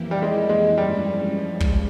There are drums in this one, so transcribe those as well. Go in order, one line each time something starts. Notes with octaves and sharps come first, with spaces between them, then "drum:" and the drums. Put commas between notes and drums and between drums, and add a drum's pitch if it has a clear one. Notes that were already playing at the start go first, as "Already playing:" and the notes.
Already playing: F2 E3 A#3 E4 G4
G3
G#3
G#3
G2 F3 G3 G#3 C#4
drum: kick